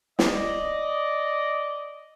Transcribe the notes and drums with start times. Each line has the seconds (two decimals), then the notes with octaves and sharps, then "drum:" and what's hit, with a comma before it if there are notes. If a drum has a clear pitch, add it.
0.19 D5 D#5, drum: snare